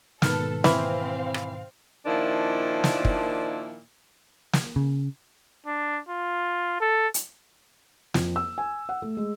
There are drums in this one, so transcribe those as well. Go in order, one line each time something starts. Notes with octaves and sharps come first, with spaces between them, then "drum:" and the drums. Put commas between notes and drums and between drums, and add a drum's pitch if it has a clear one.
G#2 B2 D#3 A4 B4 F6, drum: snare
E3 C4 F5 B5 F6, drum: snare
drum: rim click
A#2 D#3 F3 D4 E4
drum: snare
drum: kick
drum: snare
C#3
D4
F4
A4
drum: hi-hat
F2, drum: snare
E6
G#5
F#5
A3
G#3